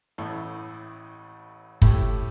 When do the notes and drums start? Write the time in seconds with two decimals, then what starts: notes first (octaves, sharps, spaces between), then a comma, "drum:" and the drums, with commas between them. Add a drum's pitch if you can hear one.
0.18 A1 A2 A3 E4
1.82 A2 A3 E4 G4, drum: kick